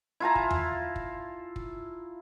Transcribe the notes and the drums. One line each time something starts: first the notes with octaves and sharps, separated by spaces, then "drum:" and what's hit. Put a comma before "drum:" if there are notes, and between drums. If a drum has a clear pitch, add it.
E4 F4 A5 A#5
drum: kick
drum: tom E2
drum: kick
drum: kick